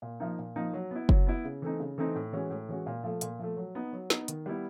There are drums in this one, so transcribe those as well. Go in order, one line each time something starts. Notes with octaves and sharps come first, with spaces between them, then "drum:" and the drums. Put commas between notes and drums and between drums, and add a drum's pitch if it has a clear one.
A#2
F3 A#3 D#4
A#2
F3 A#3 D#4
F#3
B3 E4
F#3, drum: kick F#1
B3 E4
C#3
E3 A3 C4 D#4
C#3
E3 A3 C4 D#4
A2
E3 G#3 C#4 F#4
A2
E3 G#3 C#4 F#4
A#2
F3 A3
A#2, drum: hi-hat
F3 A3
F#3
B3 D#4
F#3
B3 D#4, drum: snare
D#3, drum: hi-hat
G3 B3 E4